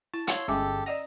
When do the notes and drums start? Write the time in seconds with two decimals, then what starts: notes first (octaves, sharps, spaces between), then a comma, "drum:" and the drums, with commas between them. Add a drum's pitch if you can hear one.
0.14 E4 A5
0.27 C#5 F5 F#5 C6 E6, drum: hi-hat
0.48 G1 G#3 C#4 G4 A4 E5 D6 E6
0.86 D5 D#5 F#5 A#5 D#6 E6